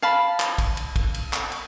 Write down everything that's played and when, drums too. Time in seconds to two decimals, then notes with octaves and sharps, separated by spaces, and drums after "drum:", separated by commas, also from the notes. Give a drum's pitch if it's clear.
0.02 F5 A5 B5
0.40 drum: clap
0.58 drum: kick, cymbal
0.77 drum: cymbal
0.96 drum: kick, cymbal
1.14 drum: cymbal
1.33 drum: clap
1.52 drum: cymbal